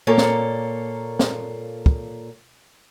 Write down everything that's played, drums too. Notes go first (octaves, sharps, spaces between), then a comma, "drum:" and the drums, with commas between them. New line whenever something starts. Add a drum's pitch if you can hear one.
A#2 A#3 A4 C#5
drum: snare
drum: snare
drum: kick